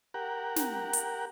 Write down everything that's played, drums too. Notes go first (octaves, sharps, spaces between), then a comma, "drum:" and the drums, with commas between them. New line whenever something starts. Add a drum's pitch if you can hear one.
G4 A#4 F#5
drum: snare
drum: hi-hat